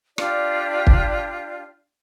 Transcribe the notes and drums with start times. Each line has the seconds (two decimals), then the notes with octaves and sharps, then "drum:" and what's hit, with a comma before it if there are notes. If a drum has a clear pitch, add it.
0.18 D4 F4 G4 D5, drum: rim click
0.87 drum: kick